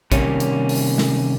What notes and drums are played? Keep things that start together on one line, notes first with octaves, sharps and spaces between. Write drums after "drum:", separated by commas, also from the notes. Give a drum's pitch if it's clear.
C3 D#3 G3 A#3 C#4, drum: kick, hi-hat
drum: hi-hat
drum: open hi-hat
drum: snare